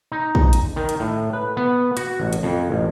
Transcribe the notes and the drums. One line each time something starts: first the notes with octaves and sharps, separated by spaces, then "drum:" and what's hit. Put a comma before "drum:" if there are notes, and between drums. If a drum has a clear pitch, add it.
D#4
drum: kick
drum: hi-hat
D#3
drum: hi-hat
A2
B4
B3
F#4, drum: hi-hat
A1
drum: hi-hat
F2
A1